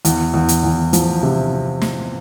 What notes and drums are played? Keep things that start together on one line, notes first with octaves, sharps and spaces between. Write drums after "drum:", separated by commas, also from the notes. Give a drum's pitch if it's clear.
E2, drum: hi-hat
E2
drum: hi-hat
E2
F3, drum: hi-hat
C3
drum: snare